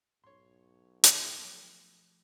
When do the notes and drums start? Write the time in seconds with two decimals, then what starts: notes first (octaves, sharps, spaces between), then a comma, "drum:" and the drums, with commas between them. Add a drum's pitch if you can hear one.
0.24 B1 G#2 C#5 C6
1.04 G#2, drum: hi-hat
1.44 F3 A3